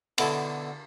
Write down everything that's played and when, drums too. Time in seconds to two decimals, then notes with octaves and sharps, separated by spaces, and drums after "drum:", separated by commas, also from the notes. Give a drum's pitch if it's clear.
0.18 B2 D3 E4 A4 G#5, drum: cymbal